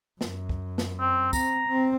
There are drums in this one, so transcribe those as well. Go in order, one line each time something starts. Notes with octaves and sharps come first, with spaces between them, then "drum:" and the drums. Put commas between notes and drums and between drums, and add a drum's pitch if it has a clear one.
F#2, drum: snare
drum: kick
drum: snare
C4
C4 A#5, drum: kick, tambourine
C4